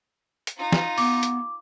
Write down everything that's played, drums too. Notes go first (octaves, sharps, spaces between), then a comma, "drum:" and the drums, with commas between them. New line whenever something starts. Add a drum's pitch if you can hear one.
drum: hi-hat
D#4 F4
drum: snare
B3 D6, drum: open hi-hat
drum: hi-hat